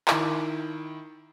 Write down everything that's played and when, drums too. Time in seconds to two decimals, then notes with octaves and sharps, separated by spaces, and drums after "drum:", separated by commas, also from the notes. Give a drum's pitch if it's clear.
0.08 D#3 E4 D6, drum: clap